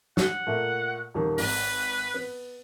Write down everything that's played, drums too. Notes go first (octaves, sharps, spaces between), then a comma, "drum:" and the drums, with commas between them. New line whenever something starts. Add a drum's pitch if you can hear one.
F#5, drum: snare
A#2 A3
D#1 D#3
G#1 B4, drum: open hi-hat
B3